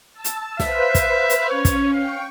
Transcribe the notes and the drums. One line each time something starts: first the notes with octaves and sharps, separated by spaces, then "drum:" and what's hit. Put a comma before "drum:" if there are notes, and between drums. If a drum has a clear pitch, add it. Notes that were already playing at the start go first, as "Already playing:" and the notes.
A5 E6
drum: hi-hat
B4 C5 E5 F5, drum: snare
drum: kick, hi-hat
drum: hi-hat
C#4 C#5
drum: kick, hi-hat
F5 G5 C#6